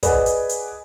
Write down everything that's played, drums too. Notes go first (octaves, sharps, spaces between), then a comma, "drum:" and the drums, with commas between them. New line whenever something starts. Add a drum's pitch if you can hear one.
G#4 B4 D5 D#5 F#5 G#5, drum: kick, hi-hat
drum: hi-hat
drum: hi-hat